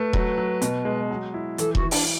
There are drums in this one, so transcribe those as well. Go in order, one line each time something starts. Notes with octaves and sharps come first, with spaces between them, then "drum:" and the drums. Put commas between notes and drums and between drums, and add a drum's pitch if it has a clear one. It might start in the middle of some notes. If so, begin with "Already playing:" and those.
Already playing: A3 B4
F#3, drum: kick E1
F#3
B2, drum: hi-hat
G#3
F#3
E4
E3 A4, drum: hi-hat
F#4, drum: kick E1
E3
D4, drum: open hi-hat